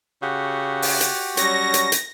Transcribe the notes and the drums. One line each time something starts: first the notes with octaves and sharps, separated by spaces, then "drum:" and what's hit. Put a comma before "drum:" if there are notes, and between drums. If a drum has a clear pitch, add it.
C#3 F#4 G4 F#5
drum: open hi-hat
drum: hi-hat
F#3 G3 C#4 C#6 A#6, drum: hi-hat
drum: hi-hat
drum: hi-hat